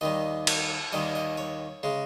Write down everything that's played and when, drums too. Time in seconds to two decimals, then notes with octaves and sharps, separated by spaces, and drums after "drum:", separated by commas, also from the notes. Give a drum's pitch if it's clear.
0.01 D#2 D#3 G3 D#5
0.47 drum: cymbal
0.92 D#2 D#3 G3 D#5
1.15 D#5
1.38 C#5
1.83 C#3 G#3